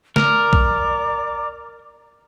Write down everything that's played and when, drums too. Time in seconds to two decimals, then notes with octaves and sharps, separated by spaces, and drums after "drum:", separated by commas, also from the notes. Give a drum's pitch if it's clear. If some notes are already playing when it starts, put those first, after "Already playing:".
0.16 A#4 D5 A#5 D6, drum: snare
0.53 drum: kick A#1